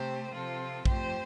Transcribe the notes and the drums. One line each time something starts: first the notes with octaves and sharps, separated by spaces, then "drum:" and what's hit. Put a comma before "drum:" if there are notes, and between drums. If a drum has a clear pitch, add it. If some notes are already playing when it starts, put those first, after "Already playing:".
Already playing: C3 A3 C4 G4 C5
C3 F3 C4 F4 A4
F2 F3 A3 C4 G4 C5, drum: kick A#1